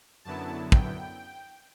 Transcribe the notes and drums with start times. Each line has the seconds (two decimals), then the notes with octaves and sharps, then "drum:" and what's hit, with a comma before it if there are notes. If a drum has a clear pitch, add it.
0.24 F#2 D3 F#3 B3 E4 A5
0.72 G5, drum: kick